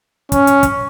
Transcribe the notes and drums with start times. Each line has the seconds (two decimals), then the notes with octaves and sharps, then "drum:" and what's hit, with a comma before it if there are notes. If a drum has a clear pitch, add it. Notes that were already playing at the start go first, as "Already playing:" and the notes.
0.32 C#4, drum: kick, hi-hat
0.47 drum: hi-hat
0.63 drum: kick, hi-hat